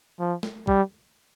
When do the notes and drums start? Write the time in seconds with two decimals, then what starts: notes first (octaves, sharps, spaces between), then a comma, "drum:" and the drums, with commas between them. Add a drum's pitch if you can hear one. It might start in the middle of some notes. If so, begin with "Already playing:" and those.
0.20 F3
0.43 drum: snare
0.67 G3, drum: kick